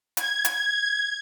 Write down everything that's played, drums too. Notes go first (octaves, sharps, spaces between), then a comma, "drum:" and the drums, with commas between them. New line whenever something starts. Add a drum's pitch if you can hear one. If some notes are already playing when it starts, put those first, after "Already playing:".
G#6, drum: hi-hat
drum: hi-hat
G#6